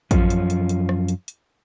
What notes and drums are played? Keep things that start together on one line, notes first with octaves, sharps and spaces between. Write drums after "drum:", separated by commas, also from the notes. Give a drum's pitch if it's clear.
F#2 F3 C#4 F4, drum: kick A1, hi-hat
drum: hi-hat
drum: hi-hat
drum: hi-hat
drum: rim click
drum: hi-hat
drum: hi-hat